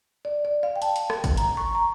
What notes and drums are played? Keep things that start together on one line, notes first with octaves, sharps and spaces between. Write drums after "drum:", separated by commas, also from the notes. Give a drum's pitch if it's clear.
D5
D5
F5
G5
A5, drum: hi-hat
drum: hi-hat
drum: rim click
drum: kick, hi-hat
A#5, drum: hi-hat
C#6
A#5